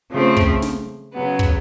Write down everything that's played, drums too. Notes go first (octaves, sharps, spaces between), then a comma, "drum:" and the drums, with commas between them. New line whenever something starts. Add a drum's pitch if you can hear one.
C#3 F3 A3 C4
drum: kick
drum: snare
C#3 F#3 B3
drum: kick